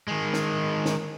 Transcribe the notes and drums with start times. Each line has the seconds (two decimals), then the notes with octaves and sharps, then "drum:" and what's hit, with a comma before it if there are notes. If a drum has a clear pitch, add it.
0.08 D#3 G#3
0.34 drum: snare
0.86 drum: snare